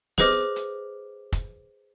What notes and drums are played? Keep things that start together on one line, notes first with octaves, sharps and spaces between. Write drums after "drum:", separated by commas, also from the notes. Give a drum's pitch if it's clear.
G#4 B4 C5 D#5 D6 F6, drum: snare
drum: hi-hat
drum: kick, hi-hat